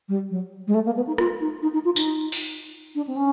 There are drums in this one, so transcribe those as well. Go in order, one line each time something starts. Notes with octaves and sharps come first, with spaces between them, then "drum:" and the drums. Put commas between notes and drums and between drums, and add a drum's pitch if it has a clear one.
G3
F#3
G#3
A3
A#3
B3
D#4
F4, drum: rim click
D#4
D#4
D#4
F4
D#4, drum: tambourine
drum: open hi-hat
D4
C4
C#4